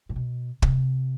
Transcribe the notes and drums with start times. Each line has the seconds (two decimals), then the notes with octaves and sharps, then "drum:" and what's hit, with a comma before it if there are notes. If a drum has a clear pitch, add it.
0.09 A2
0.16 B2
0.62 C3, drum: kick